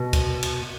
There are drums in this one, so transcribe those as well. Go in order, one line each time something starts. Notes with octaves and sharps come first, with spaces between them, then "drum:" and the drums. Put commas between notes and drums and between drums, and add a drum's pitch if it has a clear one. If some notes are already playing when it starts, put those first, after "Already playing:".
Already playing: B2
drum: kick C#2, cymbal
drum: cymbal